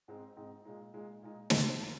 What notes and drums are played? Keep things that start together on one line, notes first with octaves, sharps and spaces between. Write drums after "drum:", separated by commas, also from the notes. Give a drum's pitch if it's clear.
G#2 G#3 C4 D#4
G#2 G#3 C4 D#4
A#2 G#3 D#4
A#2 G#3 D#4
A#2 G#3 D#4
A#2 G#3 D#4, drum: snare
F3 A#3 D#4